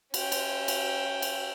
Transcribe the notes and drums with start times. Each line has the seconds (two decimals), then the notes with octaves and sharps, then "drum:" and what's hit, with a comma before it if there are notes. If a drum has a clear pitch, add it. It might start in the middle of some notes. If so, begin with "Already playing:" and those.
0.14 C#4 G5, drum: cymbal
0.32 drum: cymbal
0.68 drum: cymbal
1.22 drum: cymbal